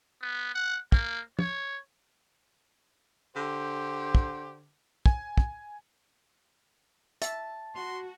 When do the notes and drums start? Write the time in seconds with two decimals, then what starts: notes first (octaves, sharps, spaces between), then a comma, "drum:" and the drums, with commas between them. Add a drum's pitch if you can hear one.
0.22 B3
0.54 F#5
0.92 A#3, drum: kick
1.39 C#5, drum: tom
3.36 D3 G4 C5
4.15 drum: kick
5.06 G#5, drum: kick
5.38 drum: kick
7.22 E5 A5, drum: hi-hat
7.76 F#4 C6